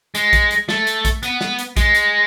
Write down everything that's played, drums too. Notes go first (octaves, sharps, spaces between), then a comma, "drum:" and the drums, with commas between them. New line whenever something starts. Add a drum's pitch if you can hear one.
G#3, drum: hi-hat
drum: kick, hi-hat
drum: hi-hat
A3, drum: snare
drum: hi-hat
drum: kick, hi-hat
B3, drum: hi-hat
drum: snare
drum: hi-hat
G#3, drum: kick, hi-hat
drum: hi-hat